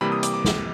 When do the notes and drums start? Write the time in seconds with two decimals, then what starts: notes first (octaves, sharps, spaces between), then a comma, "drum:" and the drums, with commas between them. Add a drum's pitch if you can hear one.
0.01 C3 E3 G3 A#3 B5
0.12 D#6
0.23 D6, drum: hi-hat
0.34 D6
0.45 drum: snare